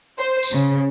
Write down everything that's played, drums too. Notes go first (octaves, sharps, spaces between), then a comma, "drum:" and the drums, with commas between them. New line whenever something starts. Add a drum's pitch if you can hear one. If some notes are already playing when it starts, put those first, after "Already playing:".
C5
drum: tambourine
C#3